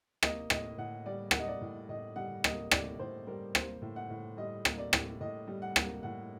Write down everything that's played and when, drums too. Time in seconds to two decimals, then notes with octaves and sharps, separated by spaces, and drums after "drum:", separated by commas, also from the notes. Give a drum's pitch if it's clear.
0.23 A#3 D#5, drum: rim click
0.50 A2 D#5, drum: rim click
0.78 A2 F#5
1.06 G3 D5
1.31 A#3 F#5, drum: rim click
1.39 D#5
1.48 D5
1.61 A2
1.89 A2 D#5
2.16 G3 F#5
2.44 A#3 D#5, drum: rim click
2.71 A2 D5, drum: rim click
3.00 A2 C5
3.27 G3 A#4
3.55 A#3 C5, drum: rim click
3.82 A2
3.96 F#5
4.10 A2
4.37 G3 D#5
4.65 A#3, drum: rim click
4.78 D5
4.93 A2, drum: rim click
5.21 A2 D#5
5.47 G3
5.62 F#5
5.76 A#3, drum: rim click
6.03 A2 F#5